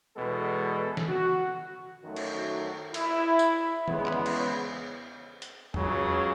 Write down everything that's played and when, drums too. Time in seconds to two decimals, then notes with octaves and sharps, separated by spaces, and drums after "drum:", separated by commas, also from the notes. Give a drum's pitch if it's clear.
0.16 E2 B2 G#3 B3 A4
0.97 drum: snare
1.09 F#4
1.55 F#4
2.02 F#2 D#3 F#3 A3
2.16 drum: cymbal
2.94 E4, drum: cymbal
3.39 drum: tambourine
3.88 E2 C#3 G#3 B3, drum: tom D#3
4.06 drum: clap
4.26 drum: cymbal
5.42 drum: hi-hat
5.74 C#2 C#3 F#3 G#4, drum: tom E2